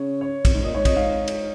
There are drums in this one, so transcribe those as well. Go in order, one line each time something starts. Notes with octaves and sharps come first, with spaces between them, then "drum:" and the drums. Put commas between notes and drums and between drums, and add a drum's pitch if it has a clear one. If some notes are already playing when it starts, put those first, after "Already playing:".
Already playing: C#3 C#5
C#5
F2, drum: kick, cymbal
G#2
A#2 D#5
G#2 C#5
F2 D#5, drum: kick, cymbal
G#2 F5
drum: cymbal